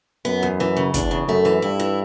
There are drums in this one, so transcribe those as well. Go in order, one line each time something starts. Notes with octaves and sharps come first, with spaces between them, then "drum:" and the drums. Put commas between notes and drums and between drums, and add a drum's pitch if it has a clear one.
F#2 B3
E2
E3
C#3
E2 D4, drum: kick, hi-hat
C#3
F#2 A3
E3
G2 E4
E3